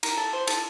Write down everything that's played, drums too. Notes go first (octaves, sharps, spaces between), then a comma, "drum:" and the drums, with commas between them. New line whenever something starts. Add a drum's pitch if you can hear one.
A#4, drum: cymbal
A4
C5
A4, drum: cymbal